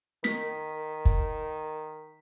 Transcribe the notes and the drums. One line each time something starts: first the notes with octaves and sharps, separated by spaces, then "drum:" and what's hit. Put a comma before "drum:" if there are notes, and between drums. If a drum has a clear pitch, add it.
D#3 B6, drum: snare
drum: kick